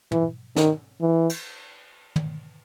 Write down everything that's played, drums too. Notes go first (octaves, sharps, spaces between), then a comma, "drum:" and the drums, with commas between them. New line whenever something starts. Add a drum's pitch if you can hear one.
E3, drum: tom
D#3, drum: snare
E3
drum: cymbal
drum: tom